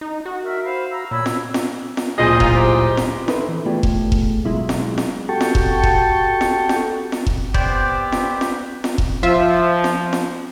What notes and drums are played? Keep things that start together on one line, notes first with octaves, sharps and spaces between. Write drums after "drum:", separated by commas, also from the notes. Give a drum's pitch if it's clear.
D#4
F#4
A#4 E5
C5 F5 B5
A#5 E6
A#2 C#5 B5 E6
drum: snare
drum: snare
drum: snare
D1 A#2 F3 G#4 D#5
D#4 F4, drum: kick F1
D#4 G4 C5
drum: snare
D#4 E4 A4 B4 C5, drum: snare
E3
A3 B3 F4 G4 G#4 D5
drum: kick F1
drum: kick F1
B2 F#3 G#3 E4 F4
drum: snare
drum: snare
F#4 G4 A4 G5 A5 C#6
drum: snare
drum: kick F1
drum: kick F1
drum: snare
drum: snare
drum: snare
drum: kick F1
B3 C4 G4 C5 D5, drum: kick F1
drum: snare
drum: snare
drum: snare
drum: kick F1
F3 F4 E5
drum: snare
drum: snare